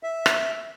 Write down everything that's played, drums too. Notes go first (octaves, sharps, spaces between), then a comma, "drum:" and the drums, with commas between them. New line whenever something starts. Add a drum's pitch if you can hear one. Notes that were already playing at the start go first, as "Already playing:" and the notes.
E5
drum: rim click